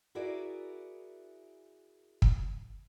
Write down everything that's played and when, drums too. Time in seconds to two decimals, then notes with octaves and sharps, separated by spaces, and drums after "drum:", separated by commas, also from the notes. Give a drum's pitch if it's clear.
0.15 E4 F#4 G#4 A#4 D5 E5
2.22 drum: kick